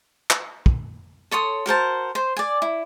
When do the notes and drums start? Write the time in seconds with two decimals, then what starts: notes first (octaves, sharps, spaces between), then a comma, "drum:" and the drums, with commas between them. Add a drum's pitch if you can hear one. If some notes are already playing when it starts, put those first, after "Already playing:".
0.30 drum: clap
0.66 drum: kick
1.31 A4 C#5 C6 D#6
1.66 F#4 A#4 C5 A5
2.15 C5
2.37 D5 G#5
2.62 E4